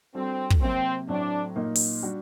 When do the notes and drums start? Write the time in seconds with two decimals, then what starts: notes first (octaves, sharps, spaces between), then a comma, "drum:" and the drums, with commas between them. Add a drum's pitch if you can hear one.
0.14 G3 C4 D4 F#4 A4
0.50 drum: kick
0.61 C3 F#3 A#3 C4
1.09 A2 F#3 A3 C4 D4
1.56 A#2 F#3 A#3 D#4
1.75 drum: open hi-hat
2.03 G3 D4 F#4